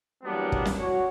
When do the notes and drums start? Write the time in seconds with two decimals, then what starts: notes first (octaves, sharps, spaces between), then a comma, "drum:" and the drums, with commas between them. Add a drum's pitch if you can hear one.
0.24 E3 F#3 G3 A#3 B3 D4
0.52 drum: kick
0.65 drum: snare
0.79 F#4 C#5